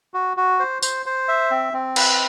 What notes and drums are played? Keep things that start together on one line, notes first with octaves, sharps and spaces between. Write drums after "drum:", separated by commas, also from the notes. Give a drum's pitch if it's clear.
F#4
F#4
C5
C5, drum: tambourine
C5
E5
C4
C4
B4, drum: cymbal